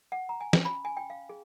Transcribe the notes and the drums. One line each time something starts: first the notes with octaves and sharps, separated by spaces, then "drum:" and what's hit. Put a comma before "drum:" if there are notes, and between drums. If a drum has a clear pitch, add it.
F#5
A#5
G#5
C#4, drum: snare
B5
G#5
G5
F5
G#4